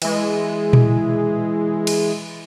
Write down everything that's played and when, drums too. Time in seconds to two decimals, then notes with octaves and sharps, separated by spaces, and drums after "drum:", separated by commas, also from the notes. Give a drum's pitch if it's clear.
0.02 E3 G#3, drum: cymbal
0.73 drum: tom A#2
1.87 drum: cymbal